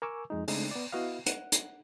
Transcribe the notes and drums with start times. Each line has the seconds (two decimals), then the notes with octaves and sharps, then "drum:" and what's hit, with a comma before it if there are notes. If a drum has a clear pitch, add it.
0.02 A#4 G#5 C#6 D6 E6
0.30 F2 G#3 D#4
0.48 C#3 G#3 A3 C4 D4 D#4, drum: open hi-hat
0.71 B3 D5
0.92 B3 E4 F#4 B4 D#5 F5
1.26 F#5, drum: hi-hat
1.52 drum: hi-hat